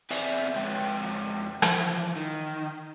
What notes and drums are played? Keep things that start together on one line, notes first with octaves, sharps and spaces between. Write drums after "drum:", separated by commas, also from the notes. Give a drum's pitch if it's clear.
C4 G#4 B4 D5 E5 G#5, drum: hi-hat
F2 G#3 B4 C#5 G5
E3 F3, drum: rim click
D#3